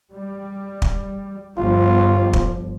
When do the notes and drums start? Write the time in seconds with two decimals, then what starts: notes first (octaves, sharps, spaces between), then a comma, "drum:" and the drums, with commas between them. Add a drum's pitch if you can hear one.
0.12 G3
0.82 drum: kick
1.58 G1 F3 G3 F4
2.33 drum: kick